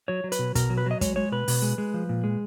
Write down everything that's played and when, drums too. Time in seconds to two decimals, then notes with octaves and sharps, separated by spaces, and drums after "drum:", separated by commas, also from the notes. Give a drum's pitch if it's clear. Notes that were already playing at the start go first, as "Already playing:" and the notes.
0.08 F#3 C#5
0.24 F#3
0.32 B4, drum: hi-hat
0.39 B2
0.55 B2 A#4, drum: kick, hi-hat
0.70 F#3
0.78 B4
0.86 F#3 D#5
1.01 G#3 C#5, drum: kick, hi-hat
1.16 G#3 C#5
1.32 B2 B4
1.48 B2, drum: open hi-hat
1.62 G#3
1.78 G#3
1.94 F3
2.09 A#2
2.24 G#3